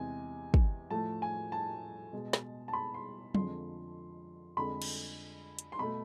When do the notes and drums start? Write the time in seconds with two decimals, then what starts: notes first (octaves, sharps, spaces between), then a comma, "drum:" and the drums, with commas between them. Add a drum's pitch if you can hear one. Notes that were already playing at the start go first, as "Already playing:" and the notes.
Already playing: E2 C3 G#3 G#5
0.54 drum: kick
0.90 A2 F3 A3 A5
1.22 G#5
1.52 A5
2.13 B2 G#3
2.33 drum: snare
2.68 A5
2.73 B5
2.94 C6
3.35 F2 D3 F3 G#3 C6, drum: tom
4.57 F2 D3 G#3 B5
4.82 drum: cymbal
5.59 drum: hi-hat
5.72 C6
5.79 B2 A3 B5